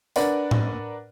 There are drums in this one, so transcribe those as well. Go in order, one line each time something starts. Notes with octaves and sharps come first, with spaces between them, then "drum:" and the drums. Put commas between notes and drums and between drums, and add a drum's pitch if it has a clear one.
D4 A#4 B4 D5 F#5, drum: tambourine
drum: tom A2